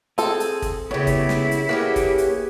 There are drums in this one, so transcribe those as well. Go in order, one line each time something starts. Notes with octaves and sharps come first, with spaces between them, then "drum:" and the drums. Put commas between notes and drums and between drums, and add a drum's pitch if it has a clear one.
C4 G#4 A4, drum: hi-hat
drum: hi-hat
drum: kick, hi-hat
C#3 B3 E4 G4 C#5
drum: kick, hi-hat
drum: snare
drum: hi-hat
A#3 C#4 G4 G#4 B4 F#5
drum: kick, hi-hat
drum: hi-hat